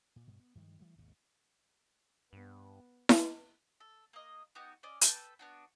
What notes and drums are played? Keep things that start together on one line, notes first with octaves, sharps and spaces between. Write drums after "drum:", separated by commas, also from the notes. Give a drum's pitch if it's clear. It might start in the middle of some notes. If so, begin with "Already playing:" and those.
A#2
G2 B2
B3
G2 D#3 F3 G#3
E3 G3 A3
G#1 D#2 G#2 B2
G2 B3
drum: snare E4
A4
A#3 D#5
B3 D#4 F#4 G4
C#4 D5 D#5
A4 B4 G5 A5, drum: hi-hat
B3 D4 F#4